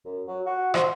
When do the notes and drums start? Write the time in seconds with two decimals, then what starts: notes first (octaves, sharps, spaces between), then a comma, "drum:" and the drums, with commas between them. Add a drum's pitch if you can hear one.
0.05 F#2
0.28 F#3
0.46 F#4
0.74 C5, drum: rim click